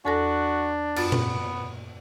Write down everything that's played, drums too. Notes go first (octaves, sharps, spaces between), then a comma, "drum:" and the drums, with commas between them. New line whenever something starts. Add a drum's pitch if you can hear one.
E2 D4 F#4 A4 A#6
F#2 B3 F4 A6, drum: cymbal
drum: tom A#2